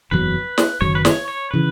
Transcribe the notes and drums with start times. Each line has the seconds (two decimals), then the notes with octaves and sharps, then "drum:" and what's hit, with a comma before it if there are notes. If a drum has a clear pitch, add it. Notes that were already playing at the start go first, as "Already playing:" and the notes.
0.11 F#1 E2 C#3 F#3 B4
0.58 drum: snare
0.81 F#1 F#2 D#3 F#3 C#5
0.95 B4
1.05 C#5, drum: snare
1.28 C#5
1.51 C#3 E3 B4